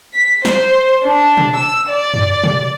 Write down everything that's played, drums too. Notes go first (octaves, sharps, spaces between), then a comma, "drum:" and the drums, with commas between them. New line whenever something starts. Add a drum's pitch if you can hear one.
B6
C5, drum: snare
D4
drum: tom B2
E6
D5
drum: tom F#2
drum: tom B2